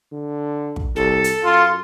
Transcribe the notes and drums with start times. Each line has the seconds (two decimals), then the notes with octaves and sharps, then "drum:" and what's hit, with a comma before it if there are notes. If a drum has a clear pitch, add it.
0.12 D3
0.76 drum: kick
0.96 C2 A4
1.24 drum: hi-hat
1.45 F#2 F4 C6